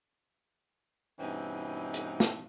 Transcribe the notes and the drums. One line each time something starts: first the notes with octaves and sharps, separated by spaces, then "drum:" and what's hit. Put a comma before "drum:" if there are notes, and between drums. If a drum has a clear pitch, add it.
G2 B2 E3 C4 C#4 D#4
drum: hi-hat
drum: snare